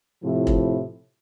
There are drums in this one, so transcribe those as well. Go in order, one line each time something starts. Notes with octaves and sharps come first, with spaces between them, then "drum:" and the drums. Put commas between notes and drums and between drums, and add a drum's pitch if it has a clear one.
A2 C3 F3 E4 F4
drum: kick